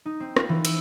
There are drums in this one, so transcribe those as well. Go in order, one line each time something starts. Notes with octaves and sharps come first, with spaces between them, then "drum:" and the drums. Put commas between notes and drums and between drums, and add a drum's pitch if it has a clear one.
D#4
C4
F4, drum: rim click
E3
E6, drum: cymbal